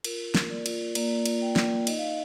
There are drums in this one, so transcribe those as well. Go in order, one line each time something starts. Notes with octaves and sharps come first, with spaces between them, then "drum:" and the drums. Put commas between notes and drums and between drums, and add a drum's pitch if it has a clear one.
F4 A#4, drum: cymbal
A#3, drum: snare
D5
F4, drum: cymbal
A#3 D5, drum: cymbal
F4, drum: cymbal
G5
A#3, drum: snare
D#4 D#5, drum: cymbal
F5
D#5